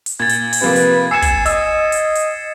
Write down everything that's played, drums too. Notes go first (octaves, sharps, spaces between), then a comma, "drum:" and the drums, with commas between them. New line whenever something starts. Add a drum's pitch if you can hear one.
drum: hi-hat
A#2 G#6 A6
drum: hi-hat
drum: open hi-hat
C3 F3 A#3 B4
drum: hi-hat
G#5 E6 G#6 C7 C#7 E7
drum: kick, hi-hat
D#5 E6, drum: hi-hat
drum: hi-hat
drum: hi-hat